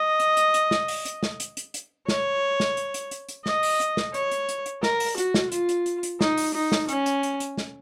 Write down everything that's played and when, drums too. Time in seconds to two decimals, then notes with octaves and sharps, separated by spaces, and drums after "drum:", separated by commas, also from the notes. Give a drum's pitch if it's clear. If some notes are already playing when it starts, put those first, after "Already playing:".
Already playing: D#5
0.20 drum: hi-hat
0.37 drum: hi-hat
0.54 drum: hi-hat
0.71 drum: snare
0.88 drum: open hi-hat
1.05 drum: hi-hat
1.23 drum: snare
1.40 drum: hi-hat
1.57 drum: hi-hat
1.74 drum: hi-hat
2.08 C#5, drum: snare
2.60 drum: snare
2.77 drum: hi-hat
2.94 drum: hi-hat
3.11 drum: hi-hat
3.29 drum: hi-hat
3.46 D#5, drum: snare
3.63 drum: open hi-hat
3.80 drum: hi-hat
3.97 drum: snare
4.14 C#5, drum: hi-hat
4.31 drum: hi-hat
4.49 drum: hi-hat
4.66 drum: hi-hat
4.83 A#4, drum: snare
5.00 drum: open hi-hat
5.18 F#4, drum: hi-hat
5.34 drum: snare
5.52 F4, drum: hi-hat
5.69 drum: hi-hat
5.86 drum: hi-hat
6.03 drum: hi-hat
6.21 D#4, drum: snare
6.37 drum: open hi-hat
6.55 D#4
6.72 drum: snare
6.89 C#4, drum: hi-hat
7.06 drum: hi-hat
7.23 drum: hi-hat
7.40 drum: hi-hat
7.57 drum: snare